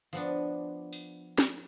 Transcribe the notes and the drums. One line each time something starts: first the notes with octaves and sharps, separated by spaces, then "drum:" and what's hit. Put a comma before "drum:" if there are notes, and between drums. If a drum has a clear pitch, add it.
F3 B3 D4
drum: open hi-hat
drum: snare